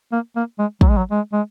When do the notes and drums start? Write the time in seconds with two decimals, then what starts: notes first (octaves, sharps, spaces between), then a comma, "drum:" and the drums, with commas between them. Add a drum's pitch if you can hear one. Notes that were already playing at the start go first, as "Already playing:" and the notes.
0.12 A#3
0.36 A#3
0.59 G#3
0.81 F#3, drum: kick
0.90 G#3
0.97 F#3
1.11 G#3
1.33 G#3